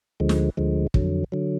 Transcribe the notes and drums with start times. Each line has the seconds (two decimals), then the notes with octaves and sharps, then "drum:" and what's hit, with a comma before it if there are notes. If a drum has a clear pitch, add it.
0.20 D2 D3 F3 G#3
0.29 drum: snare
0.57 D2 D3 F3 G#3
0.94 F2 D3 F#3, drum: kick
1.32 D3 F#3